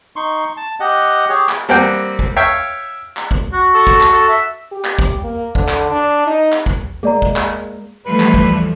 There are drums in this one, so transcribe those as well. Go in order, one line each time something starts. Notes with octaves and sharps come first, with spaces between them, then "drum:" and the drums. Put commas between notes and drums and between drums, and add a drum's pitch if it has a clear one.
D#4 C6 C#6
A5
G4 D#5 F#5
G4 G#4 C#5
drum: clap
G3 A#3 C4 F#5 G5
drum: kick G1
C#5 E5 F5 G5
drum: clap
drum: kick G1
F#4
A4
drum: kick G1
drum: clap
A4
E5
G4
drum: clap
drum: kick G1
A#3
D3, drum: kick G1
drum: clap
D4
D#4
drum: clap
drum: kick G1
G#3 A#3 G#4 D5 A#5
drum: kick G1
drum: clap
E3 F3 G3 A3 B4
drum: clap
drum: kick G1